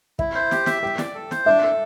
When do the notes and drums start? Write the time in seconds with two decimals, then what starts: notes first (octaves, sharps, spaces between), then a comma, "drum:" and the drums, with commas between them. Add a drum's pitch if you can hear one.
0.19 E4 E5, drum: kick
0.35 C5
0.51 G4, drum: snare
0.66 E5, drum: snare
0.82 G4 G5
0.98 D5, drum: snare
1.15 A4
1.31 C5, drum: snare
1.46 D4 E5
1.63 A4